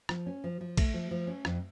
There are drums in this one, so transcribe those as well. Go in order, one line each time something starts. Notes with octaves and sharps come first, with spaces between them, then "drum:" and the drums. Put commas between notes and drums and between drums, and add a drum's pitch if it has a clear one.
F3, drum: rim click
C#4
F3
F3
A3, drum: kick A#1, cymbal
F3
F3
C#4
F2, drum: rim click